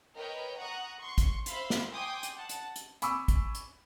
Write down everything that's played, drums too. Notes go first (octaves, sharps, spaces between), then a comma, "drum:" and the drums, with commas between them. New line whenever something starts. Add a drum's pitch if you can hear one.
A#4 B4 C#5 D#5 G5
F#5 A#5 C#6 D#6 F#6
C6 C#6
drum: kick, hi-hat
C5 E5 F5 B5 C6, drum: hi-hat
drum: snare
G5 G#5 C6 D6 D#6 G6
drum: hi-hat
F#5 A5
drum: hi-hat
drum: hi-hat
G#5 B5 C#6 D6 E6, drum: hi-hat
drum: kick, hi-hat
drum: hi-hat